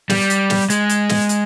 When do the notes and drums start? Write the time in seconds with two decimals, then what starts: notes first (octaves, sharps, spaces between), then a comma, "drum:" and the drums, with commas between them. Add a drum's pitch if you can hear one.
0.10 G3, drum: snare
0.30 drum: hi-hat
0.50 drum: snare
0.70 G#3, drum: hi-hat
0.89 drum: hi-hat
1.09 drum: snare
1.29 drum: hi-hat